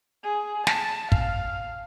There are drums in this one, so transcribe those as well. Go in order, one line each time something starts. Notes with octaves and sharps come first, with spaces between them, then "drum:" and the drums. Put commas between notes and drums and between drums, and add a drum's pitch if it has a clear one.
G#4
A5, drum: snare
F5, drum: kick